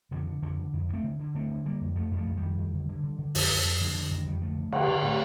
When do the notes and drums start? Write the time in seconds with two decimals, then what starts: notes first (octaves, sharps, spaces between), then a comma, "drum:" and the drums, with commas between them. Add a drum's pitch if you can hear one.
0.11 F2 D3 F3
0.27 D3
0.42 F2 D3 F3
0.59 D3
0.73 F2
0.89 D3
0.93 A3 C4
1.04 D3
1.19 D3
1.34 D3 A3 C4
1.50 D3
1.65 D3 G3 A#3
1.81 F2
1.96 F2 F3 A3
2.11 F2
2.16 F3 A3
2.27 F2
2.37 F2 D#3 G3
2.58 F2
2.73 D3
2.89 D3
3.03 D3
3.19 D3
3.35 F2, drum: open hi-hat
3.50 F2
3.65 F2
3.81 F2 D3 F3
3.95 D3 D#3
4.06 F3
4.11 F2 D#3
4.26 F2 D#3 G3
4.41 D3 F3 A3
4.57 D3
4.72 D3, drum: cymbal
4.88 D3
5.03 A2 A3 C4